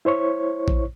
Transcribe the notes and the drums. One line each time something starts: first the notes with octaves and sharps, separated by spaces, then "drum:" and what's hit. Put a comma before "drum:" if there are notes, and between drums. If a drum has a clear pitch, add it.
E4 C5 C#5 C#6
drum: kick